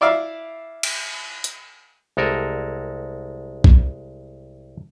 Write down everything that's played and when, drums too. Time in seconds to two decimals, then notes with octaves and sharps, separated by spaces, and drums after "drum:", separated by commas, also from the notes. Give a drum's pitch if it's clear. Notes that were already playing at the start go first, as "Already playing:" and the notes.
0.01 E4 D5 E5 F5
0.83 drum: cymbal
1.44 drum: hi-hat
2.17 C2 G#3 A4 A#4 G#5
3.64 drum: kick